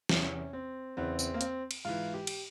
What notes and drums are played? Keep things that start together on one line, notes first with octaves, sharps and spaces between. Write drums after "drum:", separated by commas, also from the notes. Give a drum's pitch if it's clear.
E2 C3 E3 C#4, drum: snare
C4
E2 C#3 E3 C4
C4, drum: tambourine
A#3
C4, drum: hi-hat
drum: cymbal
G#2 E3 F4
G4
drum: cymbal